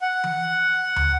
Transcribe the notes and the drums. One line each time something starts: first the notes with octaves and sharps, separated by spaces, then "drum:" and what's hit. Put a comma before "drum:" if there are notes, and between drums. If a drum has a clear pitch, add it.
F#5
drum: tom E3
drum: tom